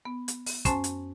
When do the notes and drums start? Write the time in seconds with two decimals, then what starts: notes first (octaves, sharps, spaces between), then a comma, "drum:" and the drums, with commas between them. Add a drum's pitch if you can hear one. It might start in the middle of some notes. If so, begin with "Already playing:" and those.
0.05 B3
0.28 drum: hi-hat
0.46 drum: open hi-hat
0.65 F#2 C#4 C5 G#5 A5 C6, drum: kick, hi-hat
0.84 drum: hi-hat